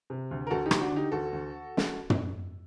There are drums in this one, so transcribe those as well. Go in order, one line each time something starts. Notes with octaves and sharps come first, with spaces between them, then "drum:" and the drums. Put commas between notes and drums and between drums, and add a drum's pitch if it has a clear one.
C3
D2
A#4
D2 F#4 A4
D#4 G4
D2, drum: rim click
D4 F#4
D3 D#4 G4
D2 F#4 A4
D2
drum: snare
drum: tom